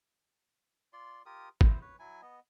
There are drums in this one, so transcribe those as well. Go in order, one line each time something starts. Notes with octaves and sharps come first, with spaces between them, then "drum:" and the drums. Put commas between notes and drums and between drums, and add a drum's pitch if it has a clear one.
F4 D5 C6
F4 G4 A#4 D#6
E4 C5, drum: kick G#1
B4 C#5
F#3 E4 G#5
B3 D#5